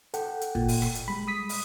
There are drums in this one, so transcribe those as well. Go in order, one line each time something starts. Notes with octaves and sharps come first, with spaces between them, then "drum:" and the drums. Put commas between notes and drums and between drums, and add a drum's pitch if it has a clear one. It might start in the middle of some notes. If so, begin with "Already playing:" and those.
A4 F#5 G5, drum: hi-hat
drum: hi-hat
A#2, drum: kick
drum: open hi-hat
drum: rim click
drum: hi-hat
G3 G#3 B5
D#6 B6
drum: open hi-hat